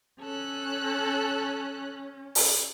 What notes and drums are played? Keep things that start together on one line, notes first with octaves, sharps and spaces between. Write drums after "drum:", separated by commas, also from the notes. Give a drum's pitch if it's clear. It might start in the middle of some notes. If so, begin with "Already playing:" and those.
C#4 A4 F#6
drum: open hi-hat